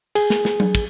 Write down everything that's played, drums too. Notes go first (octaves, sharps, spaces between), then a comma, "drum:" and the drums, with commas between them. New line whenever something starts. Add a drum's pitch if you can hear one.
G#4, drum: cymbal
drum: snare
drum: snare
drum: tom F#3
drum: kick, cymbal